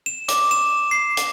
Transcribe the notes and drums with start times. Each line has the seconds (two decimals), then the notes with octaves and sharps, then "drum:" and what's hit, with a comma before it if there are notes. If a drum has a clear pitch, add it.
0.06 E7
0.28 D6, drum: hi-hat
0.51 E7
0.91 C7
1.17 drum: hi-hat